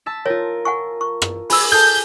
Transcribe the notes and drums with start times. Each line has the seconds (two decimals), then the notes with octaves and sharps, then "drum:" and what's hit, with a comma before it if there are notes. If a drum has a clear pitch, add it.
0.06 A5 E6 B6
0.26 F4 A#4 C#5
0.65 F#5 G#5 C#6
1.01 C#6
1.22 drum: rim click
1.50 G#4 B5 E6, drum: open hi-hat
1.72 A4 A5 G6